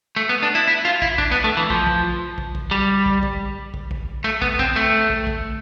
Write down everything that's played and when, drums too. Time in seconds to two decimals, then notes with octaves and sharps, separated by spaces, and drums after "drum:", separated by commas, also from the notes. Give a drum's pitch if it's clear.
0.16 A3
0.29 B3
0.43 D4
0.55 E4
0.68 E4
0.85 F4
1.02 E4, drum: kick
1.18 D4, drum: kick
1.31 B3
1.44 A3
1.57 E3
1.70 F3, drum: kick
1.87 drum: kick
2.38 drum: kick
2.55 drum: kick
2.71 G3
3.06 drum: kick
3.23 drum: kick
3.74 drum: kick
3.91 drum: kick
4.24 A3
4.42 B3, drum: kick
4.59 C4, drum: kick
4.76 A3
5.10 drum: kick
5.27 drum: kick